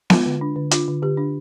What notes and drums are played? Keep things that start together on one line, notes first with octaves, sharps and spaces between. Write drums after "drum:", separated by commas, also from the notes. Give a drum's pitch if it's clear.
G#3 F4, drum: snare B3
D3
D4
D3
D4 F4, drum: hi-hat
D3
D3 G4
D4